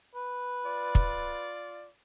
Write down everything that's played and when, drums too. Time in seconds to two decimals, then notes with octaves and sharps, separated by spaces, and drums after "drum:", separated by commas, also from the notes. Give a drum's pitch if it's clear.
0.15 B4
0.64 F4 D5
0.95 drum: kick